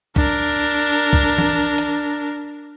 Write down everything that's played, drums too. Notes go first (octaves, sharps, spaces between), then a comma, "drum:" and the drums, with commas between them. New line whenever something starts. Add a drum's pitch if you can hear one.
D4 A#4, drum: kick C2
drum: kick C2
drum: tom E3
drum: hi-hat